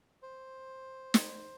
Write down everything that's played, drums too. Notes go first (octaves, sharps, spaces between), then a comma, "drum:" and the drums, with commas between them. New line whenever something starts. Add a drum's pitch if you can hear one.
C5
drum: snare